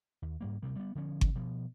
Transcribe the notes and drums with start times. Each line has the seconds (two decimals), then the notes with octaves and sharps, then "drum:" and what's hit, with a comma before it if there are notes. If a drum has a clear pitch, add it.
0.22 D#2
0.41 G#2 G3 A#3
0.62 D2 C3 G3
0.76 G3 B3
0.95 D3 F3 C#4
1.21 drum: kick G1
1.35 B2 F3